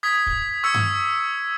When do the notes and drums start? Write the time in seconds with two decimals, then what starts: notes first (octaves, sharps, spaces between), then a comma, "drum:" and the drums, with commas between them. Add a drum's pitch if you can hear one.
0.03 D#6 G#6 B6
0.27 drum: kick
0.63 C#6 E6 G#6 C#7
0.74 drum: tom G2